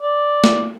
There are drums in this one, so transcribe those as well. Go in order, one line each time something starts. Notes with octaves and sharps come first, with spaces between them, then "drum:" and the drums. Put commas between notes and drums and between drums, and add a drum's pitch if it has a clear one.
D5
drum: snare